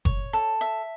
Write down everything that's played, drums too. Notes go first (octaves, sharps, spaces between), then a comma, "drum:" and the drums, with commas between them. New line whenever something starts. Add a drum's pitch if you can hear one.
C#5, drum: kick F#1
A4
E5